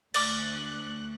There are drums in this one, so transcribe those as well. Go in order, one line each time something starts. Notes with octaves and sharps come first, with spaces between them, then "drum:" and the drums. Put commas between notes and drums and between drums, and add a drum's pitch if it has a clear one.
D2 D5 D6 F6 F#6, drum: cymbal